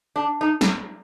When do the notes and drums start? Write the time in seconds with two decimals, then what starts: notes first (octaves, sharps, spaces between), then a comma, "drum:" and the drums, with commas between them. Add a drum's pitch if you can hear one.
0.16 D4
0.41 D#4
0.61 drum: snare